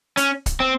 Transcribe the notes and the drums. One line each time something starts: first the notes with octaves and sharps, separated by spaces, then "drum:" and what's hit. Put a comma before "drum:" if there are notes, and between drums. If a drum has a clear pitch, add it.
C#4, drum: hi-hat
drum: kick C#1, hi-hat
C4